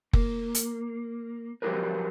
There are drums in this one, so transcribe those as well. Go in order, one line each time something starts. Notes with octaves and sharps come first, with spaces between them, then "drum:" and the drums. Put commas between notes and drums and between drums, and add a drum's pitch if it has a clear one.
A#3, drum: kick F#1
drum: hi-hat
F3 F#3 G4 G#4 A#4 B4